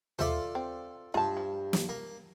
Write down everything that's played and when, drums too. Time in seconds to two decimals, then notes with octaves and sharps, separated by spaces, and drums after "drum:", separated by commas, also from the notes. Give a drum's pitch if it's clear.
0.19 F4 A4 C5 D5 E5, drum: tom D#2
0.55 C4
1.14 G2 F4 A5
1.37 F3
1.73 drum: snare
1.89 A#3